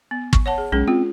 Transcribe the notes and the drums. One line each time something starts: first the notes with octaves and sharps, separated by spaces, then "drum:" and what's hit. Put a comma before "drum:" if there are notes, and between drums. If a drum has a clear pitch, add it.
B3
C#6, drum: kick
C#5 F#5 A5
G#4
B1 G#3 C#4 G#4
C4 F4